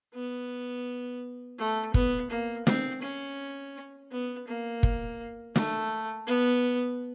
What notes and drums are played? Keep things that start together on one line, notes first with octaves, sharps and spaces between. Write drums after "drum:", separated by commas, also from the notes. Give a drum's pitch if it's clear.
B3
A3
B3, drum: kick
A#3
C4, drum: snare
C#4
B3
A#3
drum: kick
A3, drum: snare
B3